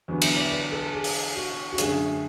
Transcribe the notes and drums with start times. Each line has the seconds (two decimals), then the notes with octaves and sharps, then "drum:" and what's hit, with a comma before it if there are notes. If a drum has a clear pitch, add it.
0.08 E2 D3 F#3 B3
0.22 E5, drum: cymbal
0.37 D5
0.51 B4
0.72 A4
0.93 G#4
1.04 drum: open hi-hat
1.36 F#4
1.73 F#4
1.78 F#2 D3 A3 G#4, drum: hi-hat